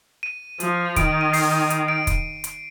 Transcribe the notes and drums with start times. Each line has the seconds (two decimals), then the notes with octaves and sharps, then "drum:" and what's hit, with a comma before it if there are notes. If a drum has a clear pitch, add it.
0.23 D#7
0.60 F3, drum: hi-hat
0.96 D#3 D7, drum: kick, hi-hat
1.21 D#7
1.33 C7, drum: open hi-hat
1.70 drum: hi-hat
1.88 D7
2.07 drum: kick, hi-hat
2.44 drum: hi-hat